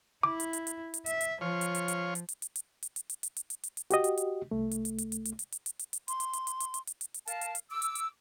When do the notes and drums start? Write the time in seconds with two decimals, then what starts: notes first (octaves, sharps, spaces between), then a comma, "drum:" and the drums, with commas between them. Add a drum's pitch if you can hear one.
0.23 E4 D6
0.40 drum: hi-hat
0.53 drum: hi-hat
0.67 drum: hi-hat
0.94 drum: hi-hat
1.06 E5, drum: hi-hat
1.21 drum: hi-hat
1.41 F3 F4 C#5
1.61 drum: hi-hat
1.75 drum: hi-hat
1.88 drum: hi-hat
2.15 drum: hi-hat
2.29 drum: hi-hat
2.42 drum: hi-hat
2.56 drum: hi-hat
2.83 drum: hi-hat
2.96 drum: hi-hat
3.10 drum: hi-hat
3.23 drum: hi-hat
3.36 drum: hi-hat
3.50 drum: hi-hat
3.63 drum: hi-hat
3.77 drum: hi-hat
3.90 F#4 G4 D#5, drum: hi-hat
4.04 drum: hi-hat
4.17 drum: hi-hat
4.51 C2 A3
4.71 drum: hi-hat
4.85 drum: hi-hat
4.98 drum: hi-hat
5.12 drum: hi-hat
5.25 drum: hi-hat
5.39 drum: hi-hat
5.52 drum: hi-hat
5.66 drum: hi-hat
5.79 drum: hi-hat
5.93 drum: hi-hat
6.08 C6, drum: hi-hat
6.20 drum: hi-hat
6.33 drum: hi-hat
6.47 drum: hi-hat
6.60 drum: hi-hat
6.74 drum: hi-hat
6.87 drum: hi-hat
7.01 drum: hi-hat
7.14 drum: hi-hat
7.27 A#4 F5 A5, drum: hi-hat
7.41 drum: hi-hat
7.55 drum: hi-hat
7.71 D6 E6
7.82 drum: hi-hat
7.95 drum: hi-hat